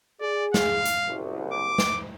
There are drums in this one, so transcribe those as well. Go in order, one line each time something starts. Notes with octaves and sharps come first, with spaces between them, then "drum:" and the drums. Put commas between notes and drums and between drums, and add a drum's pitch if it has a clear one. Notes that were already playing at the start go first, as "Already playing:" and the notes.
G#4 D5
F5, drum: snare
drum: hi-hat
F#1 C2
D6
drum: snare